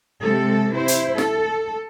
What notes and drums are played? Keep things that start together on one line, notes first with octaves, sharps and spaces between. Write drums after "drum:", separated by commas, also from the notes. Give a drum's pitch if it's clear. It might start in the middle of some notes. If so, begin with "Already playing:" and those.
C3 G#3 A4
E4 C5
drum: hi-hat
A4, drum: snare